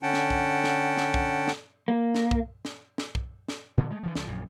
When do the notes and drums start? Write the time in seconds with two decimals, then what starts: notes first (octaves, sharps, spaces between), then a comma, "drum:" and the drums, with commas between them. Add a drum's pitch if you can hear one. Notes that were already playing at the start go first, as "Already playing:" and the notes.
0.03 D3 C#4 F#5 G5 A5
0.14 drum: snare
0.30 drum: kick
0.64 drum: snare
0.97 drum: snare
1.14 drum: kick
1.48 drum: snare
1.88 A#3
2.15 drum: snare
2.31 drum: kick
2.65 drum: snare
2.98 drum: snare
3.15 drum: kick
3.48 drum: snare
3.77 A#2 D3 F3 B3
3.91 G#3 A3
4.03 D3 E3 F3
4.15 C#2 F3, drum: snare
4.27 A#1 F#2 A#2